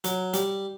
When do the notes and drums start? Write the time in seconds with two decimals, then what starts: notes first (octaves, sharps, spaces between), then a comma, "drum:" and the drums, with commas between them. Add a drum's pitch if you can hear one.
0.04 F#3, drum: hi-hat
0.34 G3, drum: hi-hat